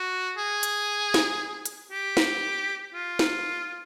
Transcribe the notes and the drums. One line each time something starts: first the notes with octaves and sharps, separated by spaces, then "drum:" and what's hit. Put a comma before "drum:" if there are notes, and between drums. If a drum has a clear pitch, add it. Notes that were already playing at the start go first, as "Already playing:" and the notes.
Already playing: F#4
G#4
drum: hi-hat
drum: snare
drum: hi-hat
G4
drum: snare
F4
drum: snare